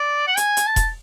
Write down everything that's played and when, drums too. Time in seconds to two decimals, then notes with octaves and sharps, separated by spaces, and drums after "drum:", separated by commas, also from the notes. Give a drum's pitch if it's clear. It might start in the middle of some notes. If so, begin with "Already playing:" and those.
Already playing: D5
0.28 F#5
0.37 G#5, drum: hi-hat
0.57 drum: hi-hat
0.67 A5
0.76 drum: kick E1, hi-hat